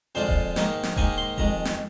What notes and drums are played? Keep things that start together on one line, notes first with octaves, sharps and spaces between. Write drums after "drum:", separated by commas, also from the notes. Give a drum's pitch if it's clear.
F2 D3 G#3 D4 F4 C5
drum: kick D#1
G#2 D#3 A#3 D#4, drum: snare
drum: snare
G#2 D#3 A#3 D#4 G#5, drum: kick D#1
C6
F2 D#3 G#3 A#5, drum: kick D#1
drum: snare